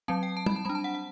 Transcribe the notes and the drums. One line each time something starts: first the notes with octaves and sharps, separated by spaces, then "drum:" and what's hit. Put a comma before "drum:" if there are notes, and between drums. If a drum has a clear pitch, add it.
F#3 C4 A5
G5
A5
B5, drum: tom G3
A5
G3 D4 B5
A5
F#5
F#5